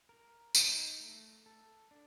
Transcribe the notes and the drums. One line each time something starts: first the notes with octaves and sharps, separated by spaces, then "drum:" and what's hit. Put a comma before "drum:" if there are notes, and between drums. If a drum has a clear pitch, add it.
A#4
D#4, drum: tambourine
A3
A4
D4